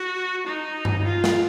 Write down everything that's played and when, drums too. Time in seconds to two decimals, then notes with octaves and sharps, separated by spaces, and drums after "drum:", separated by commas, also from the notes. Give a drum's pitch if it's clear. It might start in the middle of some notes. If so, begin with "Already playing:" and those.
Already playing: F#4
0.47 D#4
0.85 drum: tom G2
1.04 F4
1.24 drum: snare